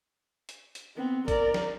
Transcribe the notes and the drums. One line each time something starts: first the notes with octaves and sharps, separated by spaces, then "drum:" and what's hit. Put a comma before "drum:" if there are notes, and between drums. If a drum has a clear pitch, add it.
drum: hi-hat
drum: hi-hat
B3 C4
A#4 D5, drum: kick, hi-hat
drum: snare